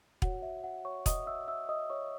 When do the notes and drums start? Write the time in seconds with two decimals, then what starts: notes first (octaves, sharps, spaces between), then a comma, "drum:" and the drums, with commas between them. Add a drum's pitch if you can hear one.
0.22 F#4 C#5 F#5, drum: kick E1
0.42 E5
0.64 F#5
0.85 C#5 C#6
1.06 D#5 D#6, drum: kick E1, hi-hat
1.27 E5 E6
1.48 E5 E6
1.69 D#5 D#6
1.90 C#5 C#6